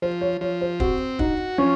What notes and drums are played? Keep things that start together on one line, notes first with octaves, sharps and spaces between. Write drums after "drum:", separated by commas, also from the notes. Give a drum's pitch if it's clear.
F3 C5
C#5
F3 C#5
C5
C4 F#4, drum: kick
D#4 F#4, drum: kick
F3 C#4